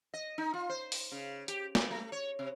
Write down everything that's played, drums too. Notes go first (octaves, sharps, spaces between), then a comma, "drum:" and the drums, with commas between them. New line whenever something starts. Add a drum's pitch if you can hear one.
D#5
D#4
F4
C5
drum: open hi-hat
C#3
G4, drum: hi-hat
D5, drum: snare
A3
C#5
C3